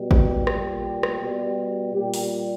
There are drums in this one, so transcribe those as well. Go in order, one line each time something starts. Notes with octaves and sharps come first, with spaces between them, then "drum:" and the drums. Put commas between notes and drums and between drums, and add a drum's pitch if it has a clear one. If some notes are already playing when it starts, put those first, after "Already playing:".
Already playing: B2 G3
G4, drum: kick A1
A#2 G3, drum: rim click
drum: rim click
B2 G3
A#2 G3 G4
drum: open hi-hat